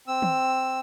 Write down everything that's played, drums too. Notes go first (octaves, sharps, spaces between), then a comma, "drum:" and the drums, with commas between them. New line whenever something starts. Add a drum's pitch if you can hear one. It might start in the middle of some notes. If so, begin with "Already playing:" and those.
C4 E6
drum: tom